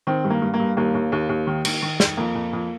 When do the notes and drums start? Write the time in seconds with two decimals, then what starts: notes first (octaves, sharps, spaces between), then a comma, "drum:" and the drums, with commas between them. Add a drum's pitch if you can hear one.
0.07 D#3 C4
0.24 G2
0.30 A#3
0.42 G2
0.54 A#3
0.60 G2
0.77 D#2 A#3
0.94 D#2
1.12 D#2
1.29 D#2
1.47 D#3
1.65 D#3, drum: cymbal
1.82 D#3
2.00 D#3, drum: snare
2.17 F2 A#3
2.35 F2
2.53 F2